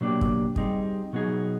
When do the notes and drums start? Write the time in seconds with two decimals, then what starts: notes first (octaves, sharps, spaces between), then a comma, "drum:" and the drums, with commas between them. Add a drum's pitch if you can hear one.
0.01 B2 F#3 A#3 D4 G4
0.21 drum: kick
0.56 G3 C4 D#4 G#4, drum: kick
1.13 B2 F#3 B3 D#4 G#4